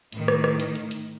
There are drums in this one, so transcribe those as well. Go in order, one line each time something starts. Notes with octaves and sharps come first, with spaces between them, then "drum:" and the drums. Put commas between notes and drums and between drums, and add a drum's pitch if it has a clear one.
A2 D#3, drum: hi-hat
drum: rim click
drum: rim click
drum: hi-hat
drum: hi-hat
drum: hi-hat